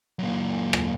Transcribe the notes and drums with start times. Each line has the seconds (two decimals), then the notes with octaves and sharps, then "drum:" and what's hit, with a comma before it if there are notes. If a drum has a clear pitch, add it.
0.19 F#2 A#2
0.73 drum: rim click